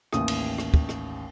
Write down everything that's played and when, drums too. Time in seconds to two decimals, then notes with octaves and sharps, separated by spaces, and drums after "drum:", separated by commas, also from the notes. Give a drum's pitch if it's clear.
0.13 A1 D#2 D#6, drum: rim click
0.28 drum: cymbal
0.58 drum: rim click
0.74 drum: kick
0.89 drum: rim click